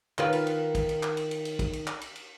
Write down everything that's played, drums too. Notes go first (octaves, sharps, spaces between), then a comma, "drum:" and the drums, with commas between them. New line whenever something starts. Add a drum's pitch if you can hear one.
D#3 F4 B4, drum: clap
drum: cymbal
drum: cymbal
drum: kick, cymbal
drum: cymbal
drum: clap
drum: cymbal
drum: cymbal
drum: cymbal
drum: kick, cymbal
drum: cymbal
drum: clap
drum: cymbal
drum: cymbal